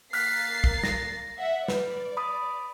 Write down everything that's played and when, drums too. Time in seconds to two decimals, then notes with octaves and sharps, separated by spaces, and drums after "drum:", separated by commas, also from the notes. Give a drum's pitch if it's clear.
0.13 A#3 F6 F#6 A6 B6 C7, drum: open hi-hat
0.64 drum: kick
0.83 A#6, drum: snare
1.38 E5 F#5
1.68 B4 D5, drum: snare
2.17 B5 D#6